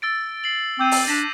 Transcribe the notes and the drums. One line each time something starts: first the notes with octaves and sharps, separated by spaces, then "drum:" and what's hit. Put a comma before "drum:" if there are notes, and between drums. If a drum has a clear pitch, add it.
E6 A6 D7
C7 F#7
C4 D6 G6 D#7
drum: open hi-hat
D4 A#6 B6 E7